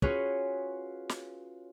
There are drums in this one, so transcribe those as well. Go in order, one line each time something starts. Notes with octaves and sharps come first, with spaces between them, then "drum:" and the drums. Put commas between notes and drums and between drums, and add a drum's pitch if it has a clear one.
C#4 F4 F#4 G#4 B4 C#5, drum: kick
drum: snare